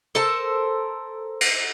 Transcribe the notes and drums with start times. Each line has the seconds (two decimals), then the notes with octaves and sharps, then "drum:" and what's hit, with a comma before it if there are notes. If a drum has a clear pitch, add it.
0.15 A4 A#4 C5 A5
1.41 drum: cymbal